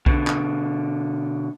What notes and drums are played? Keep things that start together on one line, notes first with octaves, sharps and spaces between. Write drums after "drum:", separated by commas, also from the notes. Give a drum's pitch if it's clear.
B2 D3, drum: kick B1
drum: clap